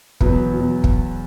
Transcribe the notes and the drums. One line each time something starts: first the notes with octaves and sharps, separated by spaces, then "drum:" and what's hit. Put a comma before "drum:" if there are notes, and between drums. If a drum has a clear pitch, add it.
E2 B2 F#3 B4, drum: kick
E2 B2 F#3
drum: kick